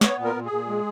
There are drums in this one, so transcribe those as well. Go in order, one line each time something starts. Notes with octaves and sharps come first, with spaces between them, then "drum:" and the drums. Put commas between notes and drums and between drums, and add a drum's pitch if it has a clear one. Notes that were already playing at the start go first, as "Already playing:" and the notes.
B3 C#5, drum: snare
A#2
A#4
A#2
G#4
A#2
G#3